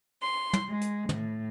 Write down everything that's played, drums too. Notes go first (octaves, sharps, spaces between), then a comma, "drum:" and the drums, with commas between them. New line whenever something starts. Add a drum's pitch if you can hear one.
C6
drum: tom
G#3
drum: hi-hat
A2, drum: tom